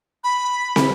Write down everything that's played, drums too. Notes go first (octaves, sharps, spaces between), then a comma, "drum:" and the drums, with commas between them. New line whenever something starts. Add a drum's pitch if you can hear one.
B5
drum: snare